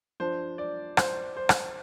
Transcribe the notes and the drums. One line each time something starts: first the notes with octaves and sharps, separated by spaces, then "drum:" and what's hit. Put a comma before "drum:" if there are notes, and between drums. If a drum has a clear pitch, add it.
F3 D4 C5
D5
C5, drum: rim click
C5
drum: rim click